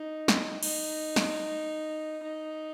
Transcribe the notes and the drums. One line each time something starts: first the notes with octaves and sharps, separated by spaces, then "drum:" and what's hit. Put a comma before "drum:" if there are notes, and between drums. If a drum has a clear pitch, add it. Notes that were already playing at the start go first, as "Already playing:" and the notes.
Already playing: D#4
drum: snare
D#4, drum: cymbal
drum: snare
D#4